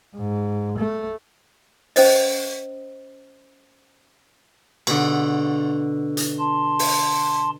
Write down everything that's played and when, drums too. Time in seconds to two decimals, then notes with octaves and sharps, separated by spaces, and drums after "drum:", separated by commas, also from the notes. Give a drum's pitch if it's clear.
0.16 G#2
0.78 A3
1.96 C#4 C5 D#5, drum: open hi-hat
4.87 B2 D3, drum: cymbal
6.17 drum: hi-hat
6.39 A5 C6
6.79 drum: open hi-hat